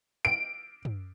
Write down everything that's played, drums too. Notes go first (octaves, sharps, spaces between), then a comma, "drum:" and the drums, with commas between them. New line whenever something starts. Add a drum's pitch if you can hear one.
D7
drum: tom